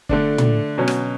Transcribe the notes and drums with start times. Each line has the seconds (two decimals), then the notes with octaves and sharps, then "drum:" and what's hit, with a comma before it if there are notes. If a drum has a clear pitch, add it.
0.09 D3 A3 D4, drum: kick
0.38 drum: tom
0.78 B2 F#3 C#4
0.88 drum: rim click